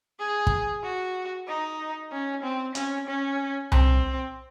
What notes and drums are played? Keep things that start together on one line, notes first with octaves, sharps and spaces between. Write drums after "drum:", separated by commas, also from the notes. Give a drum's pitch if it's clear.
G#4
drum: kick
F#4
D#4
C#4
C4
C#4, drum: hi-hat
C#4
C4, drum: tom C2